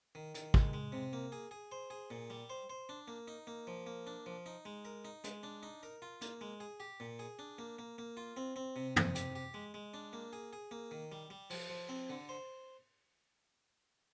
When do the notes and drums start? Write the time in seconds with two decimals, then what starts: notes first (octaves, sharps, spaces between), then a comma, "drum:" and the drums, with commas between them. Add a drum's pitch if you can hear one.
0.15 D#3
0.35 D#3, drum: hi-hat
0.54 G#3, drum: kick
0.73 G#3
0.92 C3
1.13 A#3
1.32 G#4
1.51 G#4
1.72 C5
1.90 G#4
2.11 A#2
2.30 G3
2.50 C5
2.70 C5
2.89 D4
3.08 A#3
3.28 D#4
3.47 A#3
3.67 F3
3.87 A#3
4.07 D4
4.26 F3
4.46 D#4
4.65 G#3
4.85 A#4
5.05 D#4
5.24 G#3, drum: hi-hat
5.43 D4
5.63 D#4
5.83 A#4
6.02 F4
6.21 A#3, drum: hi-hat
6.41 G#3
6.60 G#4
6.80 G4
7.00 A#2
7.19 G#4
7.39 D4
7.58 A#3
7.79 A#3
7.98 A#3
8.17 F4
8.37 C4
8.56 C4
8.76 C3
8.96 C3, drum: tom
9.15 G4, drum: hi-hat
9.35 G4
9.54 G#3
9.74 G#3
9.94 D4
10.13 A#3
10.33 G#4
10.53 G#4
10.71 A#3
10.91 D#3
11.12 G3
11.30 G3
11.50 F3, drum: open hi-hat
11.69 F3
11.89 C4
12.10 D3
12.29 C5